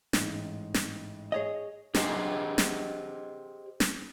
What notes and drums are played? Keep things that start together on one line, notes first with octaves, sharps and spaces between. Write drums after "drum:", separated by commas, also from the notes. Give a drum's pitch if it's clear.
A1 G#2, drum: snare
drum: snare
G#4 C#5 D#5
G4 G#4 C5 D#5 G5 G#5, drum: snare
drum: snare
drum: snare